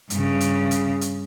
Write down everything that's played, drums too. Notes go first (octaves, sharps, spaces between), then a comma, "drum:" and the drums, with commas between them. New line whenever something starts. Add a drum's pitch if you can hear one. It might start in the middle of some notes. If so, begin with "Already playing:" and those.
G2 C#3, drum: hi-hat
drum: hi-hat
drum: hi-hat
drum: hi-hat